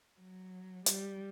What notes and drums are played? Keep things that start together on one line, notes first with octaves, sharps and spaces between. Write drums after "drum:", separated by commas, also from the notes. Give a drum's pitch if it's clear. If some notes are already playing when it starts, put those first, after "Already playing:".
F#3
G3, drum: hi-hat